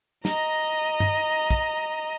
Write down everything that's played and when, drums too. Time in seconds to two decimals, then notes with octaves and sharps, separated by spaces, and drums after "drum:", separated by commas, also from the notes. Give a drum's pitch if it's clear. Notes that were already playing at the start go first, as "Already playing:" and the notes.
0.25 D#5 A#5, drum: snare
1.00 drum: tom G2
1.50 drum: kick